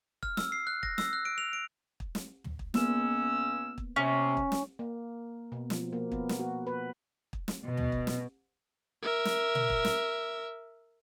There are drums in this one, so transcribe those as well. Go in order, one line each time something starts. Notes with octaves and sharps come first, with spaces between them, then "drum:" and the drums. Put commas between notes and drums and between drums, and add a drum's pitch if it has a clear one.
F6, drum: kick
E6, drum: snare
C7
F#6
A#6, drum: kick
E6, drum: snare
F#6
D7
F7
D7
drum: kick
drum: snare
drum: tom
drum: kick
C#2 A#3 B3 C#4 E6, drum: snare
drum: kick
C3 C#4
drum: kick
drum: snare
A#3
B2
F3, drum: snare
A#3
B3, drum: kick
drum: snare
F#4
B4
drum: kick
drum: snare
B2
drum: tom
drum: kick
drum: snare
A#4 E5
drum: snare
drum: tom A#2
drum: kick
drum: snare